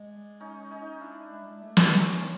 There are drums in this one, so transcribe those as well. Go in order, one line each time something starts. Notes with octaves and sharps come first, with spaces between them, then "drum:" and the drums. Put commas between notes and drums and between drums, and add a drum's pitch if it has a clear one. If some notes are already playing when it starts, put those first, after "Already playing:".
Already playing: G#3 D4
C#4 D#4
C#4 D#4
D4 E4
G#3
G3
G#3
A3
A#3, drum: snare
F#3 C#4 D#4
C4 D4